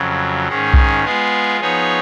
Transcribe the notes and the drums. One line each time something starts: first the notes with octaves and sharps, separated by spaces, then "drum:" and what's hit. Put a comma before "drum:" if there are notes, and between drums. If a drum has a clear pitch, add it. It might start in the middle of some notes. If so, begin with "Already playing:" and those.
Already playing: F2 C#3 F#3
G#2 D#3 G#3 C#4
drum: kick B1
G#3 B3 F4 G#4
F3 B3 D#4 G#4 C#5